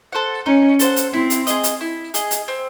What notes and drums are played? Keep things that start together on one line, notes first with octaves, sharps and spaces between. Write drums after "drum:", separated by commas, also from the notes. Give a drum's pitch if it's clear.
A4 C5 F#5
C#4 D#4
A4 C5 F#5, drum: hi-hat
drum: hi-hat
C4 E4
drum: hi-hat
G#4 D#5, drum: hi-hat
drum: hi-hat
E4
G#4 D#5, drum: hi-hat
drum: hi-hat
C4